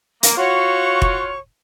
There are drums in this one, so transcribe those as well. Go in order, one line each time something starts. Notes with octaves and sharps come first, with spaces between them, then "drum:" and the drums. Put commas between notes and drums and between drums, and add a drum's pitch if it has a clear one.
A#3, drum: hi-hat
F4 F#4 C#5 C#6
drum: kick F1